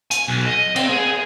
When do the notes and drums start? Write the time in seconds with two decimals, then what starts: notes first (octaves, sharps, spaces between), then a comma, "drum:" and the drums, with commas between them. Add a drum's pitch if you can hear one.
0.11 G#5, drum: hi-hat
0.28 B1
0.46 D#5
0.76 C4, drum: cymbal
0.89 G#4